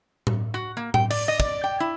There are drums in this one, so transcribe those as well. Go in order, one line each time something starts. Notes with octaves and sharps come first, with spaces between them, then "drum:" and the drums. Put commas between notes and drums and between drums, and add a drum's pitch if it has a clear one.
drum: tom A2
F#4
A#3
G5, drum: tom A2
D5, drum: cymbal
D#5
D5, drum: kick
G5
E4